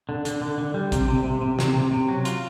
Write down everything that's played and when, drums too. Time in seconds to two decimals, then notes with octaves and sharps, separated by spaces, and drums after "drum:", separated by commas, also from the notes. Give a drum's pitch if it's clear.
0.09 D3
0.25 D3, drum: hi-hat
0.42 D3
0.58 D3
0.74 G3
0.92 C3, drum: kick, hi-hat
1.08 C3
1.24 C3
1.41 C3
1.59 C3, drum: snare
1.74 C3
1.91 C3
2.08 F#3
2.25 F4, drum: hi-hat